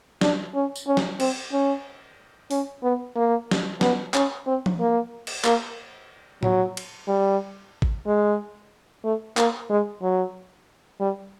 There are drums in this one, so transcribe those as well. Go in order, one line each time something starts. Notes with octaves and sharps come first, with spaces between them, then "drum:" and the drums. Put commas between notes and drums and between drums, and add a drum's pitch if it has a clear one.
D4, drum: snare
C#4
drum: tambourine
C#4
drum: snare
C4, drum: cymbal
C#4
C#4, drum: open hi-hat
B3
A#3
drum: snare
B3, drum: snare
C#4, drum: clap
C4
drum: tom
A#3
drum: cymbal
A#3, drum: clap
F#3, drum: tom A2
drum: cymbal
G3
drum: kick G#1
G#3
A3
A#3, drum: clap
G#3
F#3
G3